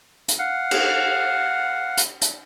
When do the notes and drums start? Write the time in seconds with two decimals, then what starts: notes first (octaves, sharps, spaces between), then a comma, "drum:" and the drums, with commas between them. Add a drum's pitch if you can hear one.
0.28 drum: hi-hat
0.39 F5 F#5
0.71 drum: cymbal
1.97 drum: hi-hat
2.21 drum: hi-hat